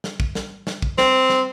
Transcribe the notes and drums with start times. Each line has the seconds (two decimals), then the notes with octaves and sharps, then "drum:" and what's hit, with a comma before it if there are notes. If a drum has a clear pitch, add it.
0.04 drum: snare
0.20 drum: kick
0.35 drum: snare
0.67 drum: snare
0.82 drum: kick
0.98 C4, drum: snare
1.29 drum: snare